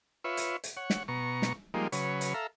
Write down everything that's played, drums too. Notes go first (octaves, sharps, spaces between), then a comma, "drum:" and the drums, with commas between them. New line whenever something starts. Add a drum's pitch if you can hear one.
F4 B4 C#5 E5
drum: hi-hat
drum: hi-hat
C#5 F#5
drum: snare
B2 A#5 C#6
drum: snare
F3 G3 G#3 A#3 D#4
C#3 F#3 B4 C#5, drum: hi-hat
drum: hi-hat
A4 E5 F5 A#5